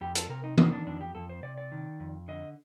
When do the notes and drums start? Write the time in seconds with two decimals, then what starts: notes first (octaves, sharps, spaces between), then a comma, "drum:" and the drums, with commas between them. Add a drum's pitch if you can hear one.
0.01 F2 G4
0.15 A4, drum: hi-hat
0.29 C3 A#4
0.44 D#4
0.58 D#3 A#3, drum: tom E3
0.73 D4
0.87 F2 D4
1.01 G4
1.15 F2 A4
1.29 C5
1.43 C3 D5
1.58 D5
1.72 D#3
2.00 F2
2.28 D3 D#5